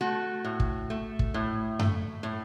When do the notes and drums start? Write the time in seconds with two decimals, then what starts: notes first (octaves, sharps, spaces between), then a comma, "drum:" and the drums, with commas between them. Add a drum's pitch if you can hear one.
0.01 A3 F#4
0.44 A2
0.60 drum: kick
0.90 A3
1.19 drum: kick
1.34 A2
1.79 A3, drum: tom F#2
2.23 A2